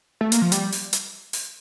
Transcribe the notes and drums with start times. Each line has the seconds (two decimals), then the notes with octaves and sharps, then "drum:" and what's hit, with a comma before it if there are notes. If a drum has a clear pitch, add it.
0.21 A3
0.32 A#3, drum: hi-hat
0.42 F3
0.52 G3, drum: hi-hat
0.72 drum: open hi-hat
0.93 drum: hi-hat
1.33 drum: open hi-hat